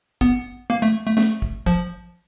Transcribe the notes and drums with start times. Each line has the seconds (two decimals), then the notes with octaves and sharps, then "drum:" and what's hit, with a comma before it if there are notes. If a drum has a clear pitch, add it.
0.21 B3, drum: kick
0.70 A#3
0.82 A3
1.06 A3
1.18 A3, drum: snare
1.42 drum: kick
1.66 F3, drum: kick